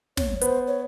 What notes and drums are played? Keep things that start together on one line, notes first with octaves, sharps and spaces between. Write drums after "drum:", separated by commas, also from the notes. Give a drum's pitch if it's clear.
C#5, drum: snare
B3 C5, drum: hi-hat
C#5